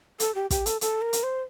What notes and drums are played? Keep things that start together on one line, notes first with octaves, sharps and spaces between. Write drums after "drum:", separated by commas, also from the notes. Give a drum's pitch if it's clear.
A4, drum: hi-hat
G4
G4, drum: kick, hi-hat
A4, drum: hi-hat
A4, drum: hi-hat
A#4
drum: hi-hat
C5